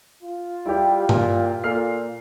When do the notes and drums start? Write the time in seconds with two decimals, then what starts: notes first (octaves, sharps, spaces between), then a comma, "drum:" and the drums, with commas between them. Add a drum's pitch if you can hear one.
0.23 F4
0.66 G3 E4 G4
1.09 A#2, drum: tom G2
1.64 A#2 A4 F6 C7